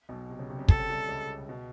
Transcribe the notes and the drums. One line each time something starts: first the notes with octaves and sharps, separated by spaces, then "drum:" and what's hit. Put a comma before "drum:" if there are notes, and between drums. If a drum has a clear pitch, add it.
B1 B2
C3
C#3
C3
C#3
C3 A4, drum: kick
C#3
C2 C3
C#2 C#3
B2